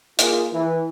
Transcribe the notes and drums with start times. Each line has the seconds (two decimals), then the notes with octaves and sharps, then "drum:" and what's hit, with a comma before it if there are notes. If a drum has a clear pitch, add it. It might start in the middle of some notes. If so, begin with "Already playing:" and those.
0.19 A#3 F4 G#4, drum: hi-hat
0.52 E3